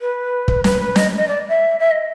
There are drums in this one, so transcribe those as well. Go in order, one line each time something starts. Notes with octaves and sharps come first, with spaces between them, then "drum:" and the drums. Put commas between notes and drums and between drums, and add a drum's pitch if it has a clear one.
B4
drum: kick
B4, drum: snare
B4
D#5, drum: snare
D#5
D5
E5
E5
D#5